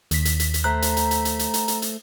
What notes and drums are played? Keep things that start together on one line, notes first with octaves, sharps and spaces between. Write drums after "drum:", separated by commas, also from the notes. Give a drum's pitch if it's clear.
D#2 B6, drum: hi-hat
drum: hi-hat
drum: hi-hat
drum: hi-hat
A3 C5 A#5 F#6
drum: hi-hat
drum: hi-hat
drum: hi-hat
drum: hi-hat
drum: hi-hat
drum: hi-hat
drum: hi-hat
drum: hi-hat